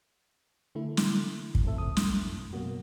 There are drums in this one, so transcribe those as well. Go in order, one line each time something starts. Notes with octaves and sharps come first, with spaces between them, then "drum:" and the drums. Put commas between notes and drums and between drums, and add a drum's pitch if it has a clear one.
D3 A3 E4
drum: snare
drum: kick
E3 F3 A3 C4 A4 E5
C#2 D#6
drum: snare
B1 F#2
B2 F#3 A#3 F#4